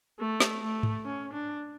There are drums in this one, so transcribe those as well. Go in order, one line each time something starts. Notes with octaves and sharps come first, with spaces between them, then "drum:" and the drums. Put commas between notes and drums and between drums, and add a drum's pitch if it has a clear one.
A3
drum: snare
A3
drum: tom G#2
C#4
D4